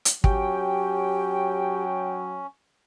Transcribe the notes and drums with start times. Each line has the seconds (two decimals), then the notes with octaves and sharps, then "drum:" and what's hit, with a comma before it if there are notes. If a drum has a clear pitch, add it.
0.05 drum: hi-hat
0.24 F#3 C#4 G4 G5, drum: kick